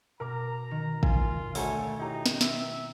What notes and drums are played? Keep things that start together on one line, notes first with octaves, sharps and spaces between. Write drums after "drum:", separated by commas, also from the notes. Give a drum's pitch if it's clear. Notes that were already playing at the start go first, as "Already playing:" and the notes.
B2 A#4 A#5 D6
D#3
F4 G#5, drum: kick
D2 A3 C#5 G#5, drum: open hi-hat
D#4 E4 G4 A#5
drum: snare
E5, drum: snare